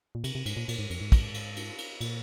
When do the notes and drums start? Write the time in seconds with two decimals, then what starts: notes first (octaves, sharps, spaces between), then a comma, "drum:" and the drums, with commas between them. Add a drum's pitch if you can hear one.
0.15 A#2
0.24 C3, drum: cymbal
0.35 C3
0.46 G#2, drum: cymbal
0.57 A#2
0.68 A#2, drum: cymbal
0.79 G#2
0.90 F2, drum: cymbal
1.01 G#2
1.12 drum: kick, cymbal
1.34 drum: cymbal
1.56 drum: cymbal
1.78 drum: cymbal
2.01 A#2, drum: cymbal